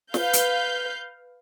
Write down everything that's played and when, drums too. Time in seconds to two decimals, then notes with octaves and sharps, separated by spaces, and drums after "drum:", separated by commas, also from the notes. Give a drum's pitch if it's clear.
0.14 B4 F5 G6, drum: snare
0.33 drum: hi-hat